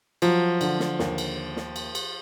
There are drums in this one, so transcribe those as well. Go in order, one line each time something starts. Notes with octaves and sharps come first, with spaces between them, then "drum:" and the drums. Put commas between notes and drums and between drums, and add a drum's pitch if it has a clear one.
F3 F#3, drum: cymbal
D3, drum: cymbal
drum: snare
D#2, drum: snare
drum: cymbal
drum: snare
drum: cymbal
drum: cymbal